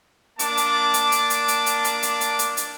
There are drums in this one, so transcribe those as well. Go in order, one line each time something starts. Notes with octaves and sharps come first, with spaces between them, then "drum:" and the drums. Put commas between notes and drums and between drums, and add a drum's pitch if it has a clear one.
A#3 D4 A5 D6, drum: hi-hat
drum: hi-hat
drum: hi-hat
drum: hi-hat
drum: hi-hat
drum: hi-hat
drum: hi-hat
drum: hi-hat
drum: hi-hat
drum: hi-hat
drum: hi-hat
drum: hi-hat